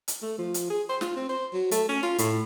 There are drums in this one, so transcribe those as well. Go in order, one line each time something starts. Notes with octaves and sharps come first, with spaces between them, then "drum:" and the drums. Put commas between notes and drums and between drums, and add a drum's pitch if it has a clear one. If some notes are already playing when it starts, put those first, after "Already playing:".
drum: hi-hat
A3
F3
drum: hi-hat
G#4
C5
F4, drum: snare
C4
C5
F#3
A3, drum: hi-hat
C#4
F4
A2, drum: hi-hat